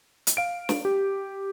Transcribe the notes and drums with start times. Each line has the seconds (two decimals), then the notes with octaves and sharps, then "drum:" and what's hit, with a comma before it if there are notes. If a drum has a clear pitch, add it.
0.27 drum: hi-hat
0.37 F5 D7
0.69 drum: snare
0.85 G4